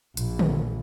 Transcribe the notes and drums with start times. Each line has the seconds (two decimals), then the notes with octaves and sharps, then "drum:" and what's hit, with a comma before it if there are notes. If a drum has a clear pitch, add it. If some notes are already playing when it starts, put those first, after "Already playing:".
0.17 A#1, drum: hi-hat
0.39 drum: tom D3